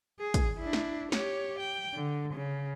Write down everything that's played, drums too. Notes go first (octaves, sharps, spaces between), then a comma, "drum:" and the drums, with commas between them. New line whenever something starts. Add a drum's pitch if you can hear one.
G#4
drum: kick, hi-hat
D4 E4
drum: snare
G4 C#5, drum: snare
G5
D3
C#3